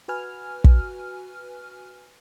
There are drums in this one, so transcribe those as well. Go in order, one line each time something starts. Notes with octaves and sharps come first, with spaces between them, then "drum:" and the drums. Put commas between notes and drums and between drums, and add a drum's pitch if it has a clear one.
F#4 B4 G#5 F6
drum: kick